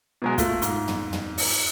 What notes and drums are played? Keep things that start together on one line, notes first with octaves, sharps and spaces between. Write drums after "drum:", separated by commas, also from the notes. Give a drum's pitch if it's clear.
B2 F#3 G#3
A3 F4, drum: kick, hi-hat
G#2, drum: hi-hat
drum: tom
drum: tom
drum: open hi-hat